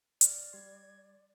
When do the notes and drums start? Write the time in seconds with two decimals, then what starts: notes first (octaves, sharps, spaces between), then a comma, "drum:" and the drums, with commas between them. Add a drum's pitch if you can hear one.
0.21 D5 F6, drum: hi-hat
0.53 G3 C6 G#6